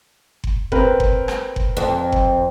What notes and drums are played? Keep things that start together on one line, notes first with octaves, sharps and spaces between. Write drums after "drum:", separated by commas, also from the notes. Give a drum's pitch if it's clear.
drum: kick F#1
C4 A#4 B4, drum: kick F#1
drum: kick F#1
drum: rim click
drum: kick F#1
F2
drum: kick F#1